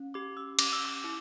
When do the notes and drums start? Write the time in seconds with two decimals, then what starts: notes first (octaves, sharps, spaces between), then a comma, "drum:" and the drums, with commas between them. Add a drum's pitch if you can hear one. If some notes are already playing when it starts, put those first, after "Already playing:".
Already playing: C#4
0.14 G4 D6
0.37 E6
0.59 C#4 D6, drum: cymbal
0.73 E6
0.85 D6
1.04 E4